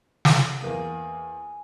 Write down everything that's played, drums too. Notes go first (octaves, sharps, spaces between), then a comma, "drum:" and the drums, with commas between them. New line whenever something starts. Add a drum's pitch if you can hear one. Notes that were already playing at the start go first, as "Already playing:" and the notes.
drum: snare
E2 A#3 G#4 G#5